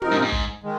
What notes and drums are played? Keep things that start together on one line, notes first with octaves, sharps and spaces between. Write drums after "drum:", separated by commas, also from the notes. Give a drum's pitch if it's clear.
C3 F3 C4 D#4 A#4, drum: tom
G#2
G#2
drum: kick
D#3 G#3